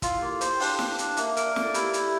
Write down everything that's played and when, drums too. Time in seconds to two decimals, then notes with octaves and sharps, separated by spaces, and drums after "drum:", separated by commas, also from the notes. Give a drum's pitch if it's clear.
0.02 E4 F4, drum: kick, hi-hat
0.18 A#3 G4
0.32 A4
0.41 C5, drum: hi-hat
0.55 G5
0.60 D4 F5, drum: open hi-hat
0.79 D4, drum: snare
0.99 D4, drum: hi-hat
1.17 A#3 E5, drum: hi-hat
1.37 A#4, drum: hi-hat
1.46 D5
1.56 A#3, drum: snare
1.63 A4
1.74 E4 G4, drum: hi-hat
1.94 E4, drum: hi-hat
2.03 G4